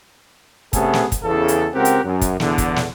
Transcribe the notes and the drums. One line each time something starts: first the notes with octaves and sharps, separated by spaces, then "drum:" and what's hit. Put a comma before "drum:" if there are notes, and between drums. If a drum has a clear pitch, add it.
C3 A3 B3 C#4 G#4 A4, drum: kick, hi-hat
drum: snare
drum: kick, hi-hat
E2 C#3 A4
drum: hi-hat
C#2 C4 G4 A#4 F#5
drum: hi-hat
F#2
drum: kick, hi-hat
E2 D3, drum: snare
drum: kick, hi-hat
drum: snare